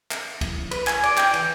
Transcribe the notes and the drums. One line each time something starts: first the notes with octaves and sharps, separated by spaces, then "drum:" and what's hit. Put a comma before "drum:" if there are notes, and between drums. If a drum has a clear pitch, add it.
drum: clap
drum: kick, cymbal
B4, drum: cymbal
G#5, drum: clap
D5, drum: cymbal
G5, drum: clap
E3, drum: cymbal